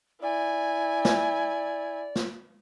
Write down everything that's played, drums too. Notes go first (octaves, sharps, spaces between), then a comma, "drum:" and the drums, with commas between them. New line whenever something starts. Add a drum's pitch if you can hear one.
E4 D5 G#5
drum: snare
drum: snare